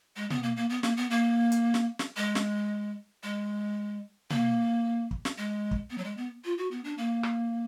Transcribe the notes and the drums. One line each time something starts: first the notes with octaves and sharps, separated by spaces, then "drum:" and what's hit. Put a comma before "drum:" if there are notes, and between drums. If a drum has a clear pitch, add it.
G#3
B3, drum: tom B2
A#3
A#3
B3
A#3, drum: snare
B3
A#3
drum: hi-hat
drum: snare
drum: snare
G#3
drum: snare
G#3
A#3, drum: tom B2
drum: kick
drum: snare
G#3
drum: kick
B3
F#3
G#3
B3
F4
F#4
B3
D4
A#3
drum: rim click